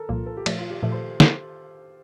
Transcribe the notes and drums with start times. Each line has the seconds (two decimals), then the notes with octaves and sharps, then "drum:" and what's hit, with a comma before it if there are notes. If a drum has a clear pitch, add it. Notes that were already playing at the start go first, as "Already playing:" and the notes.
Already playing: A4 A#4
0.09 C2 A#2 F3 A#3 F4
0.26 A4
0.37 G4
0.46 A#2 F3 A3, drum: cymbal
0.59 F4
0.70 G4
0.83 A#2 F3 A3 A4
0.92 C5
1.20 drum: snare